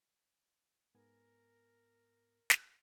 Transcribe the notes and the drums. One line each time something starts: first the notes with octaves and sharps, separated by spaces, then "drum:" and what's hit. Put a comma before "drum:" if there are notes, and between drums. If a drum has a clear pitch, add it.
G#2 B3 A#4 G#5
drum: snare